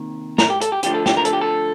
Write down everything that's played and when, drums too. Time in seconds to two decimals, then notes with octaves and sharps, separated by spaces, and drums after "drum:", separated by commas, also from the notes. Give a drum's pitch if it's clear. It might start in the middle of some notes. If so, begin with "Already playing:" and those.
Already playing: C3 D#3 A#3
0.38 A#4, drum: snare
0.50 G4
0.61 A4, drum: hi-hat
0.72 G4
0.83 D3 F3 A3 D4 G4, drum: hi-hat
0.94 A4
1.06 G4, drum: snare
1.17 A#4
1.25 A4, drum: hi-hat
1.33 G4
1.41 A4